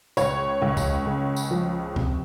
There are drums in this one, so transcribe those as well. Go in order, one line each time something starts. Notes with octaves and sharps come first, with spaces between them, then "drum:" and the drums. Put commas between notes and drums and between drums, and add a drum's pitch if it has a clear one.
C#2 C#5, drum: tambourine
C#2
drum: kick C#2, tambourine
C#3
drum: tambourine
F3
C3, drum: kick C#2